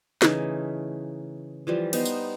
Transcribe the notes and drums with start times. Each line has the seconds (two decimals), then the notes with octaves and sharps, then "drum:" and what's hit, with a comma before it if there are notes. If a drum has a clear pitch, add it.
0.22 C#3 E3 A3 D#4, drum: snare
1.67 E3 F3 G3
1.93 B3 D#4 C5, drum: cymbal
2.05 drum: tambourine